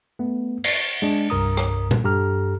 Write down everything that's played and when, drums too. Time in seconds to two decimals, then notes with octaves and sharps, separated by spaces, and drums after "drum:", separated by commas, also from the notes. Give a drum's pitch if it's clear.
0.19 A3 B3
0.64 C7, drum: cymbal
1.02 G#3 D4
1.30 C2 G2 A#4 A#5 D#6
1.57 drum: rim click
1.91 drum: tom A#2
2.04 G2 G4 A4 A#5 F6